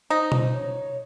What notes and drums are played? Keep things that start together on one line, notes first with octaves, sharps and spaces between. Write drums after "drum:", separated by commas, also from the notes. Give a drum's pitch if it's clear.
D#4 C5
drum: tom B2
C#5